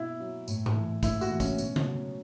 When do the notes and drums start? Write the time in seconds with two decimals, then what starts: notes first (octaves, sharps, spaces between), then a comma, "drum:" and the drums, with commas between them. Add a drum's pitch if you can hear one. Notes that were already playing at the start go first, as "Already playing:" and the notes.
Already playing: B2 E4
0.20 F#3
0.48 A2, drum: tambourine
0.66 drum: tom G#2
0.76 E3
1.03 A2 E4, drum: kick, tambourine
1.21 F#4, drum: tambourine
1.30 E3
1.40 C#4, drum: kick, tambourine
1.58 B2, drum: tambourine
1.76 drum: tom C#3
1.86 F#3